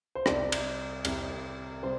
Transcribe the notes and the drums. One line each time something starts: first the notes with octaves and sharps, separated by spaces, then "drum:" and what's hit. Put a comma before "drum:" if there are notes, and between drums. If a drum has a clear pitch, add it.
C5
C2 C3 G3 D5, drum: rim click
drum: cymbal
C2 C3 G3, drum: cymbal
C3 G3 C5